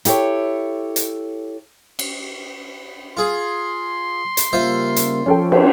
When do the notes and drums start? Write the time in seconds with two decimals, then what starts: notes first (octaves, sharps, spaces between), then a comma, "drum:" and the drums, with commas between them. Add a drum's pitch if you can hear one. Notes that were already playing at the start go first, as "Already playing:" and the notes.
0.05 E4 G4 A4 C#5, drum: hi-hat
0.96 drum: hi-hat
1.99 drum: cymbal
3.17 F4 G#4 C6
4.37 drum: hi-hat
4.53 C#3 G3 A#3 F4 C5 E5
4.96 drum: hi-hat
5.26 F3 C#4 A4 G5
5.52 drum: cymbal